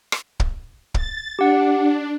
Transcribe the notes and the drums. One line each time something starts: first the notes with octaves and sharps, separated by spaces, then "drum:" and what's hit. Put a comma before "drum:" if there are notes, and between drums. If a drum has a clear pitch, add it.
drum: rim click
drum: kick
A6, drum: kick
D4 G4 F#5